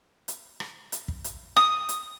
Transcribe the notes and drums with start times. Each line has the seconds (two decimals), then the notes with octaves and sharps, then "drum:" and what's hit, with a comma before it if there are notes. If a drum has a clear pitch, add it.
0.28 drum: hi-hat
0.60 drum: rim click
0.92 drum: hi-hat
1.08 drum: kick
1.24 drum: hi-hat
1.56 D#6, drum: rim click
1.89 drum: hi-hat